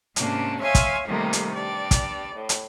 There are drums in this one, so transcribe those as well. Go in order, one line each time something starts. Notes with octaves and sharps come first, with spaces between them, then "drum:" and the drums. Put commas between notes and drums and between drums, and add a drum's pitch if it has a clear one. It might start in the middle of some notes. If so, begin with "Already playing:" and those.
G#2 C3 A#3 C#4 D4, drum: hi-hat
C#5 E5 F5 G#5 C6 C#6
drum: kick, hi-hat
F2 C3 D#3 G3 A3 A#3
drum: hi-hat
G2 D5
drum: kick, hi-hat
A2
drum: hi-hat